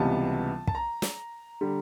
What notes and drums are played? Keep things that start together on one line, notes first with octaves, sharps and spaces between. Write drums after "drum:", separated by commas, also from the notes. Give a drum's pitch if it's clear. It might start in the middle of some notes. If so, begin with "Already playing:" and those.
Already playing: C#2 C3 E3 G3 B3 A5
A5, drum: kick
A#5
drum: snare
D3 G3